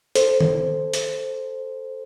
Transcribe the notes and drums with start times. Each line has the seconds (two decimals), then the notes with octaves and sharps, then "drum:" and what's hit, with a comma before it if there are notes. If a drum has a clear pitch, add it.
0.15 A4 C5, drum: hi-hat
0.41 drum: tom D#3
0.93 drum: hi-hat